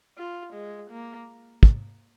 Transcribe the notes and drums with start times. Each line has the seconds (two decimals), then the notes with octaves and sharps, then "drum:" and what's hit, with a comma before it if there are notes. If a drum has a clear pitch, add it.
0.18 F4
0.54 G#3
0.90 A#3
1.63 drum: kick